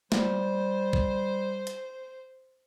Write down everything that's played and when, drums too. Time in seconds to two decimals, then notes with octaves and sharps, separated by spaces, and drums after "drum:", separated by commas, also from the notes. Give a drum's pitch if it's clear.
0.12 G3 C5, drum: snare
0.93 drum: kick
1.67 drum: hi-hat